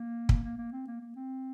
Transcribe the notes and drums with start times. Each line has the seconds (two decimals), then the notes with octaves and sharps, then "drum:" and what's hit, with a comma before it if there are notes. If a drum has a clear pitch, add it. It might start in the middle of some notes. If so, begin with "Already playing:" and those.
Already playing: A#3
0.29 drum: kick
0.43 A#3
0.58 A#3
0.72 C4
0.87 A#3
1.00 A#3
1.16 C4